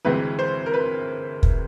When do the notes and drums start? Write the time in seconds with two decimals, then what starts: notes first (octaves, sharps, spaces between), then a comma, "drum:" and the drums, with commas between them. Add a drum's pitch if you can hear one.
0.05 D2 C3 E3 G#3 C4 B4
0.39 C5
0.66 A#4
0.74 B4
1.43 drum: kick